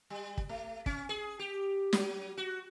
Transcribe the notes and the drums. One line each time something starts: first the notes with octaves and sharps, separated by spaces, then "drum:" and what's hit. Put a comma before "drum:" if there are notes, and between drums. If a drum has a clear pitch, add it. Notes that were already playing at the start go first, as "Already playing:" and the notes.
G3
drum: kick
A3
C#4, drum: kick
G#4
G4
F#3, drum: snare
F#4